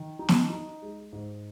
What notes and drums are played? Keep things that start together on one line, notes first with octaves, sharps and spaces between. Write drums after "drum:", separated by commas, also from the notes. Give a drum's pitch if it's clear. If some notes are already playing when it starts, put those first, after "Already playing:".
Already playing: D#3
D#4
drum: snare
D#4
G#3
G#2